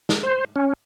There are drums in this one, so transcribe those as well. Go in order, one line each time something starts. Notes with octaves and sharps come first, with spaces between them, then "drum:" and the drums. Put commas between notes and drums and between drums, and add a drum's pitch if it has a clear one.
drum: snare
C5
C#4